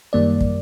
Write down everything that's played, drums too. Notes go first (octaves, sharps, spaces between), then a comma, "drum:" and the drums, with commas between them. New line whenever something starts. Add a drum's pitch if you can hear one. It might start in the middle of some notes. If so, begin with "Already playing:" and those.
F#2 D#3 G3 A#3 D5
drum: kick